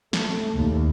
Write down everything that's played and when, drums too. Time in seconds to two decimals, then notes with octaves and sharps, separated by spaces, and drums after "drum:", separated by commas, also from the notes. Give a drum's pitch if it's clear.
0.13 A3, drum: snare
0.55 D#2